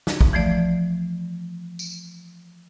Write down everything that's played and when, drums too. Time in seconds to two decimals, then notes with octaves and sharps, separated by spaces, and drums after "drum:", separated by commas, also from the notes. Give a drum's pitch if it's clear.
0.07 drum: snare
0.21 drum: kick
0.33 E3 F3 A3 D5
1.79 drum: tambourine